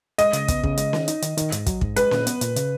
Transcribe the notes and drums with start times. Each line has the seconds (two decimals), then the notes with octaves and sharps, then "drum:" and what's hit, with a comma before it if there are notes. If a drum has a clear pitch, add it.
0.18 G#3 D#5, drum: hi-hat
0.33 C#3, drum: hi-hat
0.48 B3, drum: kick, hi-hat
0.64 C#3, drum: kick
0.77 G#3, drum: hi-hat
0.93 D#3, drum: snare C#4
1.08 D#4, drum: hi-hat
1.22 D#3, drum: hi-hat
1.38 D#3, drum: hi-hat
1.52 G#2, drum: hi-hat
1.66 F#3, drum: kick, hi-hat
1.81 G#2, drum: kick
1.96 G#3 B4, drum: hi-hat
2.11 A#2, drum: snare C#4
2.27 B3, drum: hi-hat
2.41 A#2, drum: hi-hat
2.56 C#3, drum: hi-hat